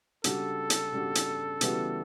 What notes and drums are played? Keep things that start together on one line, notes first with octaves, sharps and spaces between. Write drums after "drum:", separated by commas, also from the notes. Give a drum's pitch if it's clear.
C#3 G3 D4 F#4 A4, drum: hi-hat
drum: hi-hat
C#3 G3 D4 F#4
drum: hi-hat
C#3 E3 G3 B3 F#4, drum: hi-hat